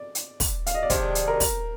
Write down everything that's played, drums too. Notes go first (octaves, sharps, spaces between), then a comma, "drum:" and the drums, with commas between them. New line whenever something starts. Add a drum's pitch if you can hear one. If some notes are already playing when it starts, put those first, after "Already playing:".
Already playing: D5
drum: hi-hat
drum: kick, open hi-hat
F5, drum: hi-hat
D#5
D5
C3 D#3 G#3 D4 C5, drum: kick, hi-hat
drum: hi-hat
A#4
drum: kick, open hi-hat